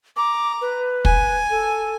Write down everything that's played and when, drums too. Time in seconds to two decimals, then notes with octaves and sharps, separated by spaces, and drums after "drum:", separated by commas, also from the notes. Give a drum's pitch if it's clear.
0.17 A#5 D6
0.61 B4
1.05 G#5, drum: kick
1.50 A4